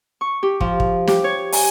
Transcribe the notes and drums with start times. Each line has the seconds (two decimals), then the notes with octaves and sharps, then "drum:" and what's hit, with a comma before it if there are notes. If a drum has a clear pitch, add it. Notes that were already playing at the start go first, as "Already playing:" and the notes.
0.21 C#6
0.43 G4
0.61 F3, drum: kick
0.80 drum: kick
1.08 G4, drum: snare
1.24 C#5
1.52 G#5, drum: open hi-hat